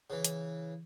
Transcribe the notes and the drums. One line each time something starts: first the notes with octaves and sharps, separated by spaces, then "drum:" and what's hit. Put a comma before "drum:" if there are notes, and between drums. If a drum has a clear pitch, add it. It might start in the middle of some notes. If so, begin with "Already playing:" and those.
C#3 E3
drum: hi-hat